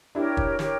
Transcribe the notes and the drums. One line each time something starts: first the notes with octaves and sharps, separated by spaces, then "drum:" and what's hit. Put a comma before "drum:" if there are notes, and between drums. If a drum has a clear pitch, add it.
D4 E4 G4 A#4 C#5
drum: kick
G4 A#4 C#5, drum: snare